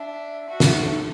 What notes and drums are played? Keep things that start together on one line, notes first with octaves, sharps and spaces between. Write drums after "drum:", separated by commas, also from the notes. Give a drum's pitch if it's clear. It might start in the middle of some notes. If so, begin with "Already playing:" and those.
Already playing: D4 E5
F#4
drum: snare
A4